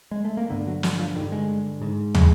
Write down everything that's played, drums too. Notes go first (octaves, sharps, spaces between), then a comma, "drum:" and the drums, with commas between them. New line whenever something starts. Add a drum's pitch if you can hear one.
G#3
A3
A#3
G2 D3 B3
F#3
F#3, drum: snare
F3
G2 D3 D#3
G#3
G#2
G#3, drum: tom